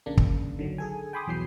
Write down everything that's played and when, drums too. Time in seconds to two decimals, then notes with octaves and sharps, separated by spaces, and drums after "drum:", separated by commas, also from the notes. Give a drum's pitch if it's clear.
0.06 A#1 C#3 A#3 D4
0.17 drum: kick
0.59 D3 D#3 F#3
0.78 G#4 A4 G#5
1.13 G5 G#5 B5 C6 D6 D#6
1.27 B1 E2 E3 F#3 G6 C7